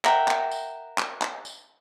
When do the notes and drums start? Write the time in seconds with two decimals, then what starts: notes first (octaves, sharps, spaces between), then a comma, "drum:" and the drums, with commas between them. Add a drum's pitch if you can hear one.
0.05 A#4 E5 F#5 G5, drum: clap
0.28 drum: clap
0.51 drum: tambourine
0.98 drum: clap
1.22 drum: clap
1.45 drum: tambourine